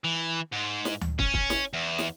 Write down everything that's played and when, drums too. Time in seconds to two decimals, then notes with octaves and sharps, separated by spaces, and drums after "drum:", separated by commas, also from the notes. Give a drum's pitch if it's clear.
0.04 E3
0.53 G#2
0.85 drum: snare
1.01 drum: tom D2
1.19 C#4, drum: kick
1.34 drum: kick
1.50 drum: snare
1.73 E2
1.99 drum: snare